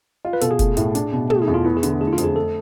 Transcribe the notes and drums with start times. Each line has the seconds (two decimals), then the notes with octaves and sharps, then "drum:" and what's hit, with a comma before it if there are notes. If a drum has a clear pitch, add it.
0.25 F4
0.33 B4
0.41 B2 A4, drum: hi-hat
0.51 G#4
0.59 A3, drum: kick F1, hi-hat
0.77 A2, drum: hi-hat
0.95 D4, drum: hi-hat
1.13 B2
1.30 A3 G#4, drum: tom
1.42 G#4
1.48 E2
1.54 F4
1.65 B3 E4
1.77 G#4
1.83 D3, drum: hi-hat
2.01 A3 G#4
2.07 E4
2.13 F4
2.18 F2, drum: hi-hat
2.24 G#4
2.35 A3 A4